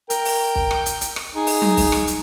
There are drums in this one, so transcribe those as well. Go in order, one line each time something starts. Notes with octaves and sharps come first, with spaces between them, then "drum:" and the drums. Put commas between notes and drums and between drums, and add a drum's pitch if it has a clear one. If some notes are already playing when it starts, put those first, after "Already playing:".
A#4 G5, drum: hi-hat
drum: open hi-hat
drum: kick
drum: rim click
drum: hi-hat
drum: hi-hat
drum: rim click
D#4 G#4
drum: open hi-hat
drum: tom F#3
drum: kick, open hi-hat
drum: rim click
drum: hi-hat